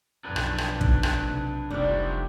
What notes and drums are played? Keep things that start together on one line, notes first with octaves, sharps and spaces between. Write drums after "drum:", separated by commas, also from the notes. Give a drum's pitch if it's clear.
B1 F2 D4 B4
drum: rim click
drum: rim click
drum: kick
drum: rim click
C3
F1 C2 G3 D4 D#4